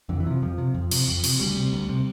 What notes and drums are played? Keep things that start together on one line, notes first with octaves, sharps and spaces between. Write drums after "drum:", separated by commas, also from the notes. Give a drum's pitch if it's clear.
F2 D3
E3
C3 F3
F2 F3
C3
F2
C3, drum: cymbal
F2
C3, drum: cymbal
D2 G3
C3
D2
C3